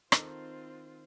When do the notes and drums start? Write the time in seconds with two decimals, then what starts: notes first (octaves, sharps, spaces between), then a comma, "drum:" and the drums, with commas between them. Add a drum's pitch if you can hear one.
0.12 D#3 C4 F4 A4, drum: rim click